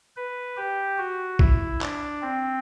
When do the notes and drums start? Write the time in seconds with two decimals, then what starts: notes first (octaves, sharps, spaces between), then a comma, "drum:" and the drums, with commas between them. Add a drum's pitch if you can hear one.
0.17 B4
0.57 G4
0.98 F#4
1.39 E4, drum: kick
1.81 D4, drum: clap
2.22 C4